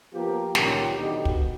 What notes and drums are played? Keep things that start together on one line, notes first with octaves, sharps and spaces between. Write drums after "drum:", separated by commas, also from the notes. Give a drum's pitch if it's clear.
F3 A#3 B3 F4 G4
C#2 A#2 D#3 B3 C#4 G4, drum: snare
B1 B2 D3 D#3 D#4 G4
B2, drum: kick